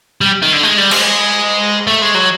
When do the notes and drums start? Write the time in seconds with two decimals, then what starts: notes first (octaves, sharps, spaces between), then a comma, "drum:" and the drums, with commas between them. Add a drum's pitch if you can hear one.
0.21 G3
0.42 D#3
0.53 D3
0.63 G#3
0.78 G3
0.91 G#3, drum: cymbal
1.87 A3
2.02 G#3
2.15 F#3